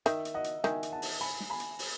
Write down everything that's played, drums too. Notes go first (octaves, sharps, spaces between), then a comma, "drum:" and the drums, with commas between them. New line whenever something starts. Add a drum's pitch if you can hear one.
D#3 E5, drum: hi-hat
drum: hi-hat
D#5 F#5
drum: hi-hat
D#3 E5 G#5, drum: snare
drum: hi-hat
F#5 A5
drum: open hi-hat
G#5 B5, drum: hi-hat
drum: snare
G#5 B5
drum: hi-hat
drum: open hi-hat